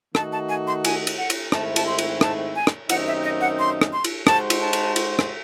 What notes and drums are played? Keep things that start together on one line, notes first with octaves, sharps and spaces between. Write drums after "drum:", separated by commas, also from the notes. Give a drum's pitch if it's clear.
D#3 A3 D#4 F#4 A5, drum: rim click
A5
G#5
C6
G#5, drum: cymbal
drum: cymbal
F#5
drum: cymbal
G#2 D#3 A3 C4 E4 A5, drum: rim click
A5, drum: cymbal
C6
drum: cymbal
A5, drum: rim click
G#5
drum: rim click
F#2 D#3 A3 C4 D#4 F#5, drum: cymbal
E5
D#5
F#5
C6
drum: rim click
C6
drum: cymbal
G#3 D#4 F#4 C5 A5, drum: rim click
drum: cymbal
A5
drum: cymbal
drum: cymbal
drum: rim click